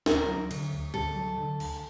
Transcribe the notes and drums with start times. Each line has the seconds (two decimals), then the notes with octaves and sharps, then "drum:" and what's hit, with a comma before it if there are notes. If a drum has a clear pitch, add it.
0.06 D2 A#4, drum: snare
0.29 F#3
0.51 D3, drum: cymbal
0.73 D2
0.94 D2 A4
1.16 F#3
1.38 D3
1.60 D2, drum: cymbal